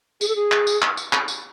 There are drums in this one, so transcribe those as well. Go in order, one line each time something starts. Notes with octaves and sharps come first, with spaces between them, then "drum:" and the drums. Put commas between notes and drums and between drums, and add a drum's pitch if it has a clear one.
G#4, drum: tambourine
A4
G#4
drum: clap
drum: tambourine
drum: clap
drum: tambourine
drum: clap
drum: tambourine